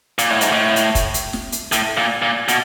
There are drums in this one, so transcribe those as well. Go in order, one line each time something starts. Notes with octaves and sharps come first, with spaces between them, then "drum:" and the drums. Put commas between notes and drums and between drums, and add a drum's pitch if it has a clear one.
A#2, drum: hi-hat
A2
G#2, drum: hi-hat
A2
drum: hi-hat
drum: kick, hi-hat
drum: hi-hat
drum: snare
drum: hi-hat
A2, drum: hi-hat
A#2
A#2
B2, drum: hi-hat